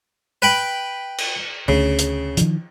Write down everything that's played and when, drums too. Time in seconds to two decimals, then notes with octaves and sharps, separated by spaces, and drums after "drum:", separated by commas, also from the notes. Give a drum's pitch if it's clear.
0.42 B4 G5 B5
1.18 drum: cymbal
1.68 D2 C#3
1.99 drum: hi-hat
2.37 D#3 F3, drum: hi-hat